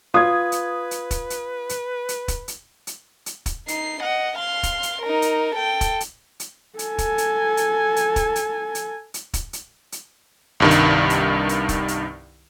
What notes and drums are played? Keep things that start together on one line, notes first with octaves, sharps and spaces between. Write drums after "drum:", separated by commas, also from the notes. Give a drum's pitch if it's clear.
F4 B4 D#6 G#6
drum: hi-hat
drum: hi-hat
drum: kick, hi-hat
drum: hi-hat
drum: hi-hat
drum: hi-hat
drum: kick, hi-hat
drum: hi-hat
drum: hi-hat
drum: hi-hat
drum: kick, hi-hat
D#4 C7, drum: hi-hat
D#5 F#5
F5 C6
drum: kick, hi-hat
drum: hi-hat
D#4 A#4
drum: hi-hat
A4 G5
drum: kick, hi-hat
drum: hi-hat
drum: hi-hat
A4 G#5, drum: hi-hat
drum: kick, hi-hat
drum: hi-hat
drum: hi-hat
drum: hi-hat
drum: kick, hi-hat
drum: hi-hat
drum: hi-hat
drum: hi-hat
drum: kick, hi-hat
drum: hi-hat
drum: hi-hat
C2 G2 D#3
drum: hi-hat
drum: hi-hat
drum: hi-hat
drum: kick, hi-hat
drum: hi-hat